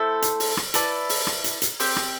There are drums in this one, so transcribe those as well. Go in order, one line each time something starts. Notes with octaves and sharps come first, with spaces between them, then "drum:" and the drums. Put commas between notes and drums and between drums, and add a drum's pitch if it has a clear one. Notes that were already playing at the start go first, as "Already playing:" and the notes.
Already playing: A3 E4 A4 C5
drum: hi-hat
drum: open hi-hat
drum: rim click
E4 B4 D5 A5, drum: hi-hat
drum: open hi-hat
drum: rim click
drum: hi-hat
drum: hi-hat
C4 G4 C5, drum: open hi-hat
drum: rim click